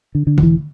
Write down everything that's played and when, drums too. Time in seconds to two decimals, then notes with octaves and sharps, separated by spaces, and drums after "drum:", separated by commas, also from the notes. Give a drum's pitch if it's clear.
0.15 D3
0.27 D3
0.38 E1, drum: tom D3
0.43 E3